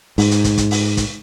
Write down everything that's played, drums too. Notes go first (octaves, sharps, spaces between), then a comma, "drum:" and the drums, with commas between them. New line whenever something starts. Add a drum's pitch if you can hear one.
G#2, drum: open hi-hat
drum: hi-hat
drum: kick, hi-hat
drum: kick, hi-hat
drum: open hi-hat
drum: kick, hi-hat